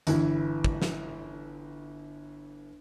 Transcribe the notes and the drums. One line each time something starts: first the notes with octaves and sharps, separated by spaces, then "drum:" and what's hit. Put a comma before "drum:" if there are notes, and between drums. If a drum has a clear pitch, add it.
G1 E3, drum: hi-hat
drum: kick
drum: snare